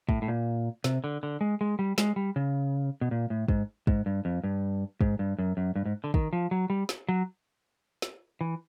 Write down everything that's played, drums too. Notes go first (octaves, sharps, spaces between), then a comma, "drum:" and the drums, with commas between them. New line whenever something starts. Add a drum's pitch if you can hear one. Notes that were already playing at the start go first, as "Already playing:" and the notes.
A2, drum: kick
A2
A#2
C3, drum: snare
D3
D3
G#3
G#3
G3
G#3, drum: snare
G3
C#3
B2
A#2
A2
G#2, drum: kick
G#2, drum: kick
G2
F2
G2
G#2, drum: kick
G2
F#2
F#2
G2
G#2
D3
D#3, drum: kick
F3
F#3
G3
drum: snare
F#3
drum: snare
E3